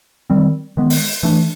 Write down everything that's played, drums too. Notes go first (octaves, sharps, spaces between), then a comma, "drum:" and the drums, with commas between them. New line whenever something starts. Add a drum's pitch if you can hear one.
D#3 G3 C4
D#3 G#3 B3
drum: open hi-hat
E3 A3 D4